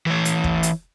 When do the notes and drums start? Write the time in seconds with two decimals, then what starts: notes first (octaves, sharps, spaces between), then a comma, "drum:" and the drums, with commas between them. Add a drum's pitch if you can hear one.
0.06 E3 C#5
0.25 drum: hi-hat
0.44 drum: kick
0.63 drum: hi-hat